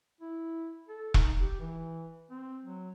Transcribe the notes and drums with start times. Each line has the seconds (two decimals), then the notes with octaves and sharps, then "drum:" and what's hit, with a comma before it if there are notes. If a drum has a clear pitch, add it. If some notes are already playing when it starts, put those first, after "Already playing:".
0.21 E4
0.88 A4
1.14 D#4, drum: kick E1
1.40 G4
1.60 E3
2.31 C4
2.63 F#3